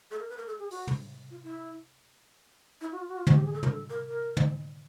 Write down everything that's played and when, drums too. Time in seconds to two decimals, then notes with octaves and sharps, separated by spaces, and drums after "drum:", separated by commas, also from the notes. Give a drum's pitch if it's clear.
0.11 A4
0.20 A#4
0.29 B4
0.38 A#4
0.47 A4
0.59 G#4
0.71 F#4, drum: open hi-hat
0.87 drum: tom
1.31 F4
1.43 E4
2.81 E4
2.92 F#4
3.00 F4
3.09 F#4
3.17 F4
3.27 F#4, drum: tom
3.36 G4
3.45 G#4
3.54 A4
3.63 A#4, drum: tom
3.72 A4
3.90 A#4
4.08 A#4
4.37 drum: tom